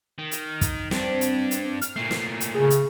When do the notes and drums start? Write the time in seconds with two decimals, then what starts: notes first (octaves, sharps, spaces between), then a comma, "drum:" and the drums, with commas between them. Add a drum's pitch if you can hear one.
0.19 D#3
0.31 drum: hi-hat
0.61 drum: kick, hi-hat
0.91 G2 C4 D4, drum: snare
1.21 drum: hi-hat
1.51 drum: hi-hat
1.81 F6, drum: hi-hat
1.96 A#2 A3 C7
2.11 drum: snare
2.40 drum: hi-hat
2.55 C#3 G#4
2.70 drum: hi-hat